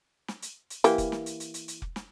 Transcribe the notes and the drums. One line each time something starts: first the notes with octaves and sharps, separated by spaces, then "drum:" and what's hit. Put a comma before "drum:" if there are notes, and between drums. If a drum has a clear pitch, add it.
drum: snare
drum: hi-hat
drum: hi-hat
E3 A#3 G4, drum: hi-hat
drum: kick F1, hi-hat
drum: snare
drum: hi-hat
drum: hi-hat
drum: hi-hat
drum: hi-hat
drum: kick F1
drum: snare